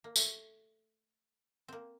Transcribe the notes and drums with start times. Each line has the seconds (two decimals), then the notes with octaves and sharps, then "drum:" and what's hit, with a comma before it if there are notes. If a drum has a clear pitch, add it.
0.04 A#3
0.16 A3, drum: tambourine
1.68 A#3 C4